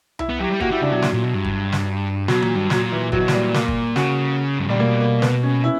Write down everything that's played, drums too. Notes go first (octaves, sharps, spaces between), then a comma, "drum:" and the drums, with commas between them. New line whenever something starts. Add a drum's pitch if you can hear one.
E4, drum: tom C2
B3
F#3 G4
G3
A#3 F#4, drum: kick
G3 E4
C#3 D4
B2 F#3
A#2, drum: snare
A#2
B2
G2
drum: kick
drum: snare
B2 F#3, drum: snare
A#2, drum: tom D#3
G2
A#2 F#3, drum: snare
E3
A#2 F#3, drum: kick
B2
A#2 G3, drum: snare
A#3, drum: snare
drum: kick
C#3 F#4, drum: snare
G2
A#2 G3
B2 A#3
A#3
B3, drum: snare
C#4
E4